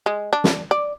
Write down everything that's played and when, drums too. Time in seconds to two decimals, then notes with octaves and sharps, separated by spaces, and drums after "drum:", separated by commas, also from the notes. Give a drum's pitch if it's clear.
0.06 G#3
0.33 D4
0.44 drum: snare
0.71 D5